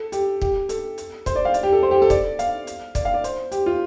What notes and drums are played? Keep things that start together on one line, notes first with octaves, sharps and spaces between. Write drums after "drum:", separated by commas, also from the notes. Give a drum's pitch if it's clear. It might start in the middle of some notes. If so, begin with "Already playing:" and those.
Already playing: A4
G4, drum: hi-hat
G4, drum: kick
A4, drum: hi-hat
drum: hi-hat
C5, drum: kick, hi-hat
D5
F5
D5, drum: hi-hat
G4
A4
C5
G4
A4
D5, drum: kick, hi-hat
F5, drum: hi-hat
drum: hi-hat
D5, drum: kick, hi-hat
F5
D5
C5, drum: hi-hat
G4, drum: hi-hat
F4